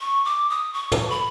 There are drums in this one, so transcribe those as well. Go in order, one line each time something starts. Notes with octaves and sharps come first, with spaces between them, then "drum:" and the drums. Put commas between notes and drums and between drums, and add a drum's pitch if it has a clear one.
C#6
D6
D#6
C#6
drum: tom
B5